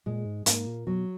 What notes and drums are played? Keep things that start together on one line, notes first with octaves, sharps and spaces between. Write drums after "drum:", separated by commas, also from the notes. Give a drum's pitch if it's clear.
A#2 G#3
G#2
G#2 A#3, drum: hi-hat
A#2
B2 F#3